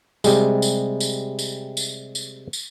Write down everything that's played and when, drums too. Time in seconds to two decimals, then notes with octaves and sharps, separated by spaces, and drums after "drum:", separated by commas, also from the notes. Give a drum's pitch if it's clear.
0.24 C3 G3 G#3, drum: tambourine
0.62 drum: tambourine
1.00 drum: tambourine
1.39 drum: tambourine
1.77 drum: tambourine
2.15 drum: tambourine
2.53 drum: tambourine